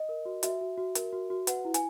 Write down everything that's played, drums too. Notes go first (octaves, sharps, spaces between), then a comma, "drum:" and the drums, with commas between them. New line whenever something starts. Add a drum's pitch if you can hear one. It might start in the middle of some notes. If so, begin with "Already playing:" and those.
Already playing: D#5
A#4
F#4
F#4 E5, drum: hi-hat
F#4
F#4
A#4, drum: hi-hat
F#4
F#4
B4 F#5, drum: hi-hat
E4
G#5, drum: hi-hat